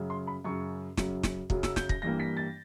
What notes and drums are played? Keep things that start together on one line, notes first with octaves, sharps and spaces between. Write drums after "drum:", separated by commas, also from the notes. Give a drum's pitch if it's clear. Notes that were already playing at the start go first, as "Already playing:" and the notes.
Already playing: F#2 C#3 F#3
C6
B5
F#2 C#3 F#3 C#6
F#2 C#3 F#3, drum: snare
drum: snare
F#2 C#3 F#3, drum: kick
E6, drum: snare
G6, drum: snare
A#6, drum: kick
G2 E3 G3 A#3 A#6
B6
A6